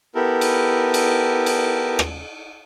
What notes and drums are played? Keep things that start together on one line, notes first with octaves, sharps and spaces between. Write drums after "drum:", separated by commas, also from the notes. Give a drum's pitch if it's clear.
B3 E4 G4 A4 A#4
drum: cymbal
drum: cymbal
drum: cymbal
drum: rim click